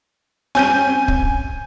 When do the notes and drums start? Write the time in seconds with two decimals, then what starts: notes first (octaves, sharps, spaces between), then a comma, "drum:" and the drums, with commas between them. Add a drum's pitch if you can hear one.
0.55 G3 C4 C#4 G#5 G6 D#7
1.08 drum: kick